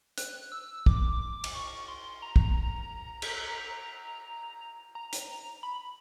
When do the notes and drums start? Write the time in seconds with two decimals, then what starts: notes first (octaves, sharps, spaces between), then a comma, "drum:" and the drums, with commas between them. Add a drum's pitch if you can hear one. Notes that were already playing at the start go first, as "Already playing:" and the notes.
0.18 F#6, drum: hi-hat
0.52 E6
0.86 D6, drum: kick
1.44 drum: cymbal
1.54 C#6
1.88 C6
2.22 A#5
2.36 drum: kick
3.22 drum: cymbal
4.95 A#5
5.13 drum: hi-hat
5.63 B5